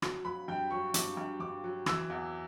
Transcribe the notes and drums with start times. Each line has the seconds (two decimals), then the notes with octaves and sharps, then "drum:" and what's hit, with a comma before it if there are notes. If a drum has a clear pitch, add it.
0.02 F#3, drum: rim click
0.25 F#3 B5
0.48 G2 G5
0.71 F#3 C#6
0.94 G2 D6, drum: hi-hat
1.17 G2
1.40 G2 D6
1.64 F#3
1.86 E3 E6, drum: rim click
2.10 E2